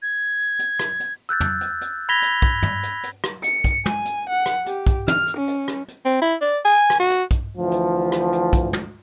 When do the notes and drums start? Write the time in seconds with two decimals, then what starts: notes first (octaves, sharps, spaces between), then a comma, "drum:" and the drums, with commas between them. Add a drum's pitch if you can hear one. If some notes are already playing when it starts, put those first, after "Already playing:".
0.02 G#6
0.59 drum: hi-hat
0.79 drum: rim click
1.00 drum: hi-hat
1.29 E6 F#6 G6 A6
1.41 drum: tom
1.61 drum: hi-hat
1.81 drum: hi-hat
2.09 B5 G#6 A#6 B6 F7 G7
2.22 drum: hi-hat
2.42 drum: kick, hi-hat
2.63 drum: tom
2.83 drum: hi-hat
3.03 drum: hi-hat
3.24 drum: rim click
3.44 C#7, drum: hi-hat
3.64 drum: kick, hi-hat
3.86 G#5, drum: tom
4.05 drum: hi-hat
4.30 F#5
4.46 drum: rim click
4.66 G4, drum: hi-hat
4.87 drum: kick, hi-hat
5.08 F6, drum: tom
5.27 drum: hi-hat
5.37 C#4
5.48 drum: hi-hat
5.68 drum: rim click
5.88 drum: hi-hat
6.05 C4
6.22 E4
6.41 D5
6.65 G#5
6.90 drum: rim click
7.00 F#4
7.10 drum: hi-hat
7.31 drum: kick, hi-hat
7.56 D2 E3 F3
7.71 drum: hi-hat
8.12 drum: rim click
8.33 drum: hi-hat
8.53 drum: kick, hi-hat
8.73 drum: tom